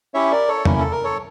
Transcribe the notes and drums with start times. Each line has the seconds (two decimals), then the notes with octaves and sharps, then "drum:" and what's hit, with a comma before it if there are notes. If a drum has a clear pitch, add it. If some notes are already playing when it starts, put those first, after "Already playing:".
0.14 C#4 E4 G4 C#5 E5
0.32 A#4 D5
0.48 A4 C#5
0.65 A#3 C#4 E4 A#4, drum: tom
0.79 A4
0.92 A#4
1.04 A4 C#5